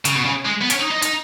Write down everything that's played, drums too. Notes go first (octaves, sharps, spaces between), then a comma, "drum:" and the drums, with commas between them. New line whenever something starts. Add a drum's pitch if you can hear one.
C#3, drum: hi-hat
B2
C#3
G#3
B3
C#4, drum: hi-hat
D#4
D#4
D#4, drum: hi-hat